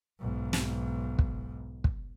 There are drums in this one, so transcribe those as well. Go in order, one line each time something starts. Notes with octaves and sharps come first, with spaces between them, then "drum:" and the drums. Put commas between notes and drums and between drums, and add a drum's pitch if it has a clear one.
B1 G#2
drum: snare
drum: kick
drum: kick